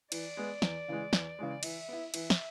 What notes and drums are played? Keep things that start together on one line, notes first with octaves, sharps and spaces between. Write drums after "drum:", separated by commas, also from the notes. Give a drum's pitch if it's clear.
E3 D5, drum: cymbal
G#3 B3
E2, drum: snare
C#3 E3 G#3
E2, drum: snare
C#3 E3 G#3
E3 E5, drum: cymbal
B3 E4
E3 E5, drum: cymbal
drum: snare